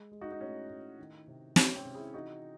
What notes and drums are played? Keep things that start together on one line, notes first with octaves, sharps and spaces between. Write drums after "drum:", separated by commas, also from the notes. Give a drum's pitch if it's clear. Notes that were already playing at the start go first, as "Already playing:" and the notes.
Already playing: G#3
G#3
D#4 F#4
D#4
A2 C#4
A2
D#3
C3
G#3 C#4, drum: snare
C4
C3
E4 G#4
E3 D#4 F#4